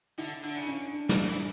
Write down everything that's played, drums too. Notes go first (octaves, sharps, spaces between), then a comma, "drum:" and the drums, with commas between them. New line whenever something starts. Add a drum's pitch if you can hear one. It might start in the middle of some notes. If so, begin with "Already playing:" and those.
D3 E4
D3 D4
C#3
C#4
D4
E3, drum: snare
E3